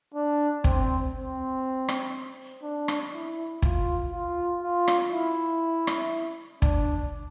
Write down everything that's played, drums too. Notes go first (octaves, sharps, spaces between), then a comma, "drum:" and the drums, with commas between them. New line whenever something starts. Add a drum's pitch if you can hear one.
D4
C4, drum: kick
C4
drum: rim click
D4
drum: rim click
E4
F4, drum: kick
F4
F4
drum: rim click
E4
drum: rim click
D4, drum: kick